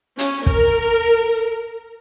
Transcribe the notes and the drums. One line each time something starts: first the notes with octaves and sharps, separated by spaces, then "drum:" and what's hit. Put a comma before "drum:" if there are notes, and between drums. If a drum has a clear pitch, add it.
C#4, drum: hi-hat
A#4, drum: kick